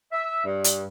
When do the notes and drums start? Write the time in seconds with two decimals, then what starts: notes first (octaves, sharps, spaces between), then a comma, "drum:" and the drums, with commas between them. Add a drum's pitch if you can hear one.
0.12 E5
0.45 G2
0.64 drum: hi-hat